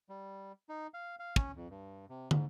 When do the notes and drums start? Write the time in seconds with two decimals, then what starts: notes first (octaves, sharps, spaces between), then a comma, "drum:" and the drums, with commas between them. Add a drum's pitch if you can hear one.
0.09 G3
0.69 D#4
0.94 F5
1.19 F5
1.36 C#4, drum: kick
1.56 F2
1.70 G2
2.09 C3
2.31 G#2, drum: tom